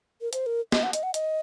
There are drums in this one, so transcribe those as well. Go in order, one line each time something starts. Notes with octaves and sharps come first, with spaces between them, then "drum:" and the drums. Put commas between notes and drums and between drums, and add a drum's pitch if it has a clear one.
A#4
C5, drum: hi-hat
A#4
D#5, drum: snare
F#5
D#5, drum: hi-hat
F#5
D#5, drum: hi-hat